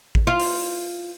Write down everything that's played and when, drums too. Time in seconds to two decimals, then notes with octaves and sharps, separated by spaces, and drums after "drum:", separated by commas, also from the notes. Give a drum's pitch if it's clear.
0.15 drum: kick
0.27 F4
0.40 drum: open hi-hat